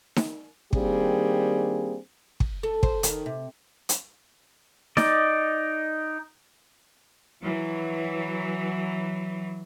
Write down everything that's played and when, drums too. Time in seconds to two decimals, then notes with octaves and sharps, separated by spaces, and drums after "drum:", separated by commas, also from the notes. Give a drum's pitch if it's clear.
0.16 drum: snare D#4
0.73 D#3 G3 A#3 C4 D4 G#4, drum: kick
2.40 drum: kick
2.63 A4
2.83 C5, drum: kick
3.03 D#3, drum: hi-hat
3.26 C3
3.89 drum: hi-hat
4.97 D#4 D5 D#5, drum: snare D#4
7.41 E3 F#3